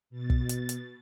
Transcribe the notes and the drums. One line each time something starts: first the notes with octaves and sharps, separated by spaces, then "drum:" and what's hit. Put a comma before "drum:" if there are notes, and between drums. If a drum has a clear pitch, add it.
B2 A6
drum: kick
drum: hi-hat
drum: hi-hat